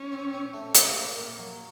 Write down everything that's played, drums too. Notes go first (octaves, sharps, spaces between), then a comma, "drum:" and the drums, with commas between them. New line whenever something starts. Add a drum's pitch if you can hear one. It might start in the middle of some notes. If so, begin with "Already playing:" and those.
Already playing: C#4
C4
C4
A3
F4, drum: hi-hat
A#3
A#3
F#3